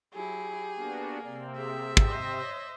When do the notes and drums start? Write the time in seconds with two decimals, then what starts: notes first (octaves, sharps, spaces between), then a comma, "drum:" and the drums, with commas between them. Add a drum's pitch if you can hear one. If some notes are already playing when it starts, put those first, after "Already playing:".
0.14 F#3 E4 G4 G#4
0.78 A#3 B3 D4 F#4
1.24 C3 C4 D5
1.57 G#4 E5
1.97 drum: kick
2.07 C5 D#5
2.41 C#5